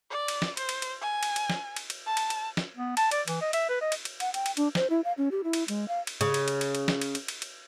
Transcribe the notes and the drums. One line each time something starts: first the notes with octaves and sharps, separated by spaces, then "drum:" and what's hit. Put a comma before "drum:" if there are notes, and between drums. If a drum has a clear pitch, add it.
D5
drum: cymbal
drum: snare
C5, drum: cymbal
drum: cymbal
drum: cymbal
G#5
drum: cymbal
drum: cymbal
drum: snare
drum: cymbal
drum: cymbal
A5
drum: cymbal
drum: cymbal
drum: snare
B3
A5, drum: cymbal
D5, drum: cymbal
E3, drum: cymbal
D#5
E5, drum: cymbal
B4
D#5
drum: cymbal
drum: cymbal
F#5, drum: cymbal
G5, drum: cymbal
drum: cymbal
D4, drum: cymbal
C5, drum: snare
E4
F5
C#4
G4
E4
drum: cymbal
G#3, drum: cymbal
F5
drum: cymbal
C#3, drum: cymbal
drum: cymbal
drum: cymbal
drum: cymbal
drum: cymbal
drum: snare
drum: cymbal
drum: cymbal
drum: cymbal
drum: cymbal